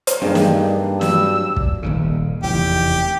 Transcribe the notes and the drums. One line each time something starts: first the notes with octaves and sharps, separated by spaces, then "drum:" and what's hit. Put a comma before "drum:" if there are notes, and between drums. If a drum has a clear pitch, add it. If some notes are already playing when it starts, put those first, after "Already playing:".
drum: hi-hat
G2 A#3 D4 D#4 G4 G#4
drum: snare
F#3 G3 E6, drum: snare
drum: kick
D#1 D#2 C#3
F1 E2 D#3 G4